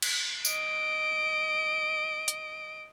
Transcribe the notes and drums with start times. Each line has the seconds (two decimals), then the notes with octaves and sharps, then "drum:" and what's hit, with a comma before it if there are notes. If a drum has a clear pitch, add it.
0.02 drum: cymbal
0.45 D#5 D7, drum: tambourine
2.28 drum: hi-hat